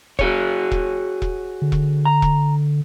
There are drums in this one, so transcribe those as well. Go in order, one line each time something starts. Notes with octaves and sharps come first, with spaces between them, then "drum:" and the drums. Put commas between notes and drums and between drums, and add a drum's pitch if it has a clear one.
F#4 G#4 C#5, drum: kick E1
drum: kick E1
drum: kick E1
D3
drum: kick E1
A#5
drum: kick E1